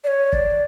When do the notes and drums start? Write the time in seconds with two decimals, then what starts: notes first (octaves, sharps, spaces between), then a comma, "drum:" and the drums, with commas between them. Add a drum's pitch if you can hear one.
0.04 D5
0.07 C#5
0.33 D5, drum: kick